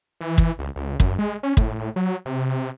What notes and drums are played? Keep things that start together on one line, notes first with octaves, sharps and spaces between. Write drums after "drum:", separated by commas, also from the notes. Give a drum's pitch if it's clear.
E3
drum: kick
C#2
C#2
F#2, drum: kick
G#3
C#4
A2, drum: kick
F#3
C3